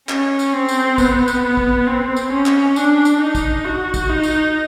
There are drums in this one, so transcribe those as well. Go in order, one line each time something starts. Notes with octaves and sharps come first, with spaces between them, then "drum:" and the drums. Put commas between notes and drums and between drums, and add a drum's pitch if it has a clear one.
C#4, drum: clap
drum: tambourine
C4
drum: tambourine
B3, drum: kick, tambourine
drum: tambourine
drum: kick
C4
drum: tambourine
C#4
drum: clap
D4, drum: tambourine
drum: tambourine
D#4
drum: kick, tambourine
F#4
drum: kick, tambourine
D#4
drum: tambourine